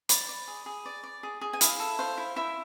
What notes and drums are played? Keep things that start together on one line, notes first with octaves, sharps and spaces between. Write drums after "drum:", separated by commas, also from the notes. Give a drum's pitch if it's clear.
D5 B5, drum: hi-hat
D5
G#4
G#4
D5
D5
G#4
G#4
G#5
E4 F5, drum: hi-hat
A4
C5 F5
E4
E4 E5